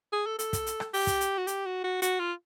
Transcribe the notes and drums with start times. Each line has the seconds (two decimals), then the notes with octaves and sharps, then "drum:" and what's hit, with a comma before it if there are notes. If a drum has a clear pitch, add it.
0.13 G#4
0.27 A4
0.39 A4, drum: hi-hat
0.53 drum: kick, hi-hat
0.66 drum: hi-hat
0.80 drum: rim click
0.94 G4, drum: open hi-hat
1.07 drum: kick, hi-hat
1.21 drum: hi-hat
1.38 F#4
1.47 G4, drum: hi-hat
1.66 F#4
1.84 F#4
2.02 F#4, drum: hi-hat
2.20 F4